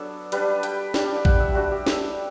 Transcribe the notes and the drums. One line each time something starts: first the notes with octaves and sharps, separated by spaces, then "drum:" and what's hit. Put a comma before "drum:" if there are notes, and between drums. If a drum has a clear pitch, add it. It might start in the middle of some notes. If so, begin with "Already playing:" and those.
Already playing: F#3 B3 D4 A4
G3 D4 B4, drum: hi-hat
G5, drum: hi-hat
G3 D4, drum: snare
G5
F#5, drum: kick A#1
E5
G3 D4 F#4 G4
G4
A4, drum: snare